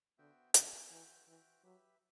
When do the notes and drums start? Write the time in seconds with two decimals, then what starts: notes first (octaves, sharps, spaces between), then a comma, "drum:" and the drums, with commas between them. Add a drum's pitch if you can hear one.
0.18 D3 B3 F#4 C5 E5 G5
0.54 D3 B3 F#4 C5 E5 G5, drum: hi-hat
0.90 E3 F#4 C5 E5 G5
1.26 E3 F#4 C5 E5 G5
1.64 F#3 G4 B4 E5